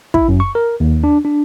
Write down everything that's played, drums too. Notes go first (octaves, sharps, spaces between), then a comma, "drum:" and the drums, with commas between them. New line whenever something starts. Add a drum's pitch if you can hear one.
E4, drum: kick
F#2
C#6
A#4
D#2
D4
D4